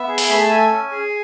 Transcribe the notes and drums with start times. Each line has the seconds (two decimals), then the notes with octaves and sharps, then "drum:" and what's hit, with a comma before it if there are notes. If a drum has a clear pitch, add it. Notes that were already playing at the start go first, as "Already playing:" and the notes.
Already playing: B3 E5
0.09 G#4
0.18 drum: open hi-hat
0.29 A3 B5
0.41 A5
0.50 A4 G#5
0.71 C#4
0.91 G#4